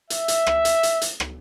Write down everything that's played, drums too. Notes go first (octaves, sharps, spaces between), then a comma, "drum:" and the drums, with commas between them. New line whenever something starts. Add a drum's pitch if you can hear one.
E5, drum: hi-hat
drum: hi-hat
drum: rim click
drum: hi-hat
drum: hi-hat
drum: hi-hat
drum: rim click